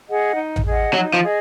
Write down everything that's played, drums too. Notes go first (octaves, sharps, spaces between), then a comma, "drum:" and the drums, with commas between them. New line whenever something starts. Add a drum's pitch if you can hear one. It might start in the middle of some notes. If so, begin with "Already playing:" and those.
G#4 D#5 F#5
D#4
drum: tom A1
G#4 D#5 F#5
F#3 D#4
F3
G#4 D#5